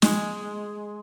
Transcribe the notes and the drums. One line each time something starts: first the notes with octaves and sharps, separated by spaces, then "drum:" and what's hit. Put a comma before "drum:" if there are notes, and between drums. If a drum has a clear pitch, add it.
G#3, drum: snare